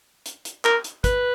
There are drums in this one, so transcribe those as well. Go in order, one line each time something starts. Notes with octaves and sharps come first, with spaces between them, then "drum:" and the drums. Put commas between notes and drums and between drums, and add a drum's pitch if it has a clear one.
drum: hi-hat
drum: hi-hat
A#4, drum: clap
drum: hi-hat
B4, drum: kick, hi-hat